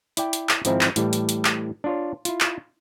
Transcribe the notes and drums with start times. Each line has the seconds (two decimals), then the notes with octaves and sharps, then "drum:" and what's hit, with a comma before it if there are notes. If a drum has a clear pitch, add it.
0.17 E4 D5 G5, drum: hi-hat
0.33 drum: hi-hat
0.49 drum: clap
0.65 G#2 D#3 F3 C4 D#4 E4, drum: hi-hat
0.81 drum: clap
0.96 A2 E3 G3, drum: hi-hat
1.13 drum: hi-hat
1.29 drum: hi-hat
1.45 drum: clap
1.84 D4 F4 C#5
2.25 E4 F4, drum: hi-hat
2.40 drum: clap